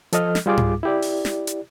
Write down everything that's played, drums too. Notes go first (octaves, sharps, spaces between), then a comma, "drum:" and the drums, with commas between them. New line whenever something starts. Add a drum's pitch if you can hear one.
F3 A4 D#5 F6, drum: hi-hat
drum: snare
G3 F4 G#4 D6
drum: tom G#2
E4 G4 D5
drum: open hi-hat
drum: snare
drum: hi-hat